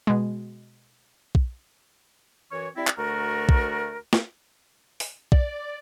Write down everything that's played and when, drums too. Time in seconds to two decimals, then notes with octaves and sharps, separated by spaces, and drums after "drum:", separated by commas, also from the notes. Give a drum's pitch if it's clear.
0.07 B2 G#3
1.35 drum: kick
2.51 F#2 E3 C#5
2.76 G3 C4 E4
2.87 drum: clap
2.97 D2 A3 F#4 A#4
3.49 drum: kick
4.13 drum: snare
5.00 drum: open hi-hat
5.32 D5, drum: kick